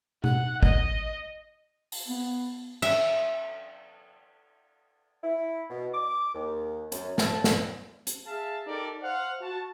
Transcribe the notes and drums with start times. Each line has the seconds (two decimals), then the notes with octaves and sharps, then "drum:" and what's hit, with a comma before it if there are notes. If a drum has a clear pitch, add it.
0.24 F#5, drum: tom B2
0.63 D#5, drum: kick G#1
1.92 drum: open hi-hat
2.08 B3
2.82 E5, drum: cymbal
5.24 E4
5.70 B2
5.94 D6
6.35 D#2
6.92 F#2, drum: hi-hat
7.18 A5, drum: snare
7.44 drum: snare
8.07 drum: hi-hat
8.27 G#4 E5 F5 A5
8.67 D#4 G4 A4 A#4 D5
9.03 C5 F5 F#5
9.41 F#4 A5